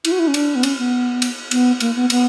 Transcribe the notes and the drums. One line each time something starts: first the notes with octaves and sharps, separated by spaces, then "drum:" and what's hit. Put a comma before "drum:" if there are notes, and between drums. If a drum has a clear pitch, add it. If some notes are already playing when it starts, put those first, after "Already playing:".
E4, drum: cymbal
F#4
E4
C#4
D4, drum: cymbal
B3
C#4, drum: cymbal
B3
drum: cymbal
B3, drum: cymbal
A#3, drum: cymbal
B3
B3, drum: cymbal